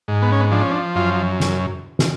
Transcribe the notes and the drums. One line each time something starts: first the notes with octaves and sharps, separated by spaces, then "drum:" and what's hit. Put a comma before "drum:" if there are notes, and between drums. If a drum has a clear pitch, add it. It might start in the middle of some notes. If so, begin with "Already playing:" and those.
G#2
B3
C#4
B3
F3 D4
C#4
D4
F#2 F4
drum: snare
drum: snare